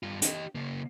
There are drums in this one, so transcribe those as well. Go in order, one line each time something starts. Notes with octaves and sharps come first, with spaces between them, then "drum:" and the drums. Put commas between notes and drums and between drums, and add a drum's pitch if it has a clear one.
G2 F4
G4 D#5, drum: hi-hat
C#3 A#3